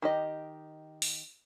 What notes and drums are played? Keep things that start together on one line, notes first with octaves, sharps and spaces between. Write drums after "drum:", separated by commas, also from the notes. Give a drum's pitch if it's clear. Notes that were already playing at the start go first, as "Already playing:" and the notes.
D#3 G4 D#5
drum: open hi-hat